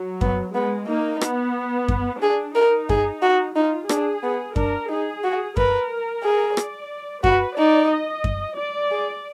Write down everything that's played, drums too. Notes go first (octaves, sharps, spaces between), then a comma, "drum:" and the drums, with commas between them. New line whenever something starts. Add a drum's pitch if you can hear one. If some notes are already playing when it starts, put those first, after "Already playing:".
Already playing: F#3
B3, drum: kick F#2
G#3 B3
A#3 D#4
B3, drum: rim click
drum: kick F#2
D4 G#4
D#4 A#4
G#4, drum: kick F#2
F#4
D#4 F4
D4 G#4, drum: rim click
B3
D4 A#4, drum: kick F#2
D#4 G#4
F#4
A#4 B4, drum: kick F#2
G#4
D5, drum: rim click
F#4 B4, drum: kick F#2
D#4 D5
D#5
drum: kick F#2
D5
G#4